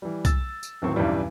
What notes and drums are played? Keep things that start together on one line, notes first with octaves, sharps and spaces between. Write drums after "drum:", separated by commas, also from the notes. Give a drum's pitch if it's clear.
E3 G3
E6 A6, drum: kick, tambourine
drum: tambourine
D1 D#2 A2 F#3 C4 C#6
B1 E2 G2 C#3 E3 G3